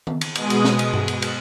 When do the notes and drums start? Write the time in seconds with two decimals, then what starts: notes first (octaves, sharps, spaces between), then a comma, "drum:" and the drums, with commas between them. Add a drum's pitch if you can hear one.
0.07 drum: tom D#3
0.21 drum: cymbal
0.35 B2 G#3 D#6, drum: cymbal
0.50 drum: cymbal
0.65 drum: snare
0.79 drum: cymbal
0.93 drum: tom G2
1.08 drum: cymbal
1.22 drum: cymbal